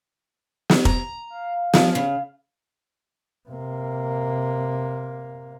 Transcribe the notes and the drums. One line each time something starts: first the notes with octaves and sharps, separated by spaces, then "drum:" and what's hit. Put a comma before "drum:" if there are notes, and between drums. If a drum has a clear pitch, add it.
drum: snare
A#5, drum: kick
F5
F3 G#3, drum: snare
C#3
C3 A#3